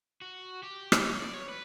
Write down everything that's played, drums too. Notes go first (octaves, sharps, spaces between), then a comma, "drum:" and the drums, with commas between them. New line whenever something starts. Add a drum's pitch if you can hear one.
F#4
G4
drum: rim click
C#5
D5
C#5
B4